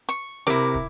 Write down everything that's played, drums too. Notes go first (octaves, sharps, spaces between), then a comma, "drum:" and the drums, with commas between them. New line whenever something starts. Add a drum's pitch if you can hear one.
C#6
C3 E4 A#4 D6, drum: snare
drum: kick